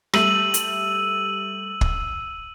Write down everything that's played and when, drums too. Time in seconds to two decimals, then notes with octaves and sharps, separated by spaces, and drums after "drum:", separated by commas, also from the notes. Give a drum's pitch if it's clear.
0.13 G3 A3 E6 D#7 F#7, drum: rim click
0.54 drum: hi-hat
1.81 drum: kick